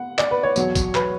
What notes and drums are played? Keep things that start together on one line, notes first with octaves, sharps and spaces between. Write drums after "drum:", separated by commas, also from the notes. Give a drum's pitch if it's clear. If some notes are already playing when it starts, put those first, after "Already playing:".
Already playing: F#5
D5, drum: clap
B4
C#5
E2 B2 F#3, drum: tambourine
drum: kick, tambourine
B4, drum: clap